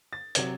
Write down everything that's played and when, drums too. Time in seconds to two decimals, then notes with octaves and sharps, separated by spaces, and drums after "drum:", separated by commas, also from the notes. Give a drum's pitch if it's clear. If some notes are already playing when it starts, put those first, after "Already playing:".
0.13 A6
0.35 C3 F#3 G#6, drum: hi-hat